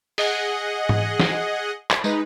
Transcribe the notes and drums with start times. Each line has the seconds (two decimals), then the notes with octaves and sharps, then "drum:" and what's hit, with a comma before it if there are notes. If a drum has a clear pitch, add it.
0.18 G#4 D#5 F#5, drum: open hi-hat
0.89 drum: tom G#2
1.19 drum: snare
1.91 drum: clap
2.04 G#3 D#4 B4, drum: tambourine